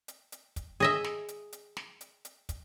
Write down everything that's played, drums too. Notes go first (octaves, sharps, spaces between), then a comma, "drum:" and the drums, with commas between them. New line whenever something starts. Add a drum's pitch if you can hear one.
drum: hi-hat
drum: hi-hat
drum: kick, hi-hat
G#4 D#5 E5
drum: snare
drum: hi-hat
drum: hi-hat
drum: snare
drum: hi-hat
drum: hi-hat
drum: kick, hi-hat